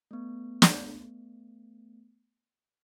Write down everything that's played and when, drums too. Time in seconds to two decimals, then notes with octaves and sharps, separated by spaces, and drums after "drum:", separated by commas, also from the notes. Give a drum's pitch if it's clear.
0.11 A3 B3
0.62 drum: snare